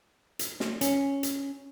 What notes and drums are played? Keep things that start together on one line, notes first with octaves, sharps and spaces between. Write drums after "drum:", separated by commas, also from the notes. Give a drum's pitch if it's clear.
drum: hi-hat
drum: snare
C#4, drum: hi-hat
drum: hi-hat